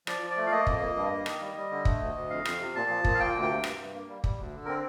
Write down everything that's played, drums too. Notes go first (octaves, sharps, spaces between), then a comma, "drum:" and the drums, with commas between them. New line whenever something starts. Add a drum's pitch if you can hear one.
F3 D5, drum: rim click
F3
D5
A3
F5
A#3 D#5
F2, drum: kick
A#3
G2
A#3
D#3, drum: rim click
G3
G3
D3
A3, drum: kick
D2
D2
F2 F5
F2, drum: rim click
C3
A#2 A5
F3
A#2, drum: kick
F5
A#3 G5
D2
G5
C3
G2, drum: rim click
G2
A#3
G3
G3, drum: kick
D2
D3
C4 A#4